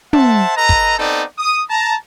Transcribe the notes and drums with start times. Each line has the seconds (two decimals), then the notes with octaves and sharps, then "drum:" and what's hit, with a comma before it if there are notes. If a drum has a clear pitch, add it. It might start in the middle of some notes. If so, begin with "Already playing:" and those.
0.13 C5 E5 F#5 A5, drum: tom
0.56 A4 B4 D#5 A#5
0.69 drum: kick
0.98 B3 C4 D#4 A4 D5
1.39 D#6
1.70 A5 A#5